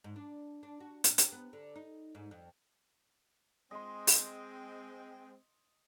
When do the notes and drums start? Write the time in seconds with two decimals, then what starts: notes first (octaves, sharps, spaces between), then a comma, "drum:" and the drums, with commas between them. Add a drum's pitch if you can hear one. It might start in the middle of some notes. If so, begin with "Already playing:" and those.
0.04 G#2
0.16 D4
0.63 D4
0.80 F#4
1.04 A#2, drum: hi-hat
1.18 C3, drum: hi-hat
1.32 B3
1.53 D3
1.76 D#4
2.15 G#2
2.31 F2
3.71 G#3 C4 D#5 C6
4.07 drum: open hi-hat